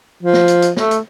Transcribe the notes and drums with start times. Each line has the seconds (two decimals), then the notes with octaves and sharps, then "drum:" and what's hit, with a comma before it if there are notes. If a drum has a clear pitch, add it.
0.23 F3
0.33 drum: snare
0.48 drum: hi-hat
0.62 drum: hi-hat
0.77 A3, drum: snare
0.91 drum: hi-hat